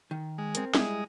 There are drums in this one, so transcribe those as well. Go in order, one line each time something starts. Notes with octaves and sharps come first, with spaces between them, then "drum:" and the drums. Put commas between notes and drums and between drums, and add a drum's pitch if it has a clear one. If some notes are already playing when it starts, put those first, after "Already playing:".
D#3
G#3
C4 A#4, drum: hi-hat
G3 G#3 E4 G#4 D#5, drum: snare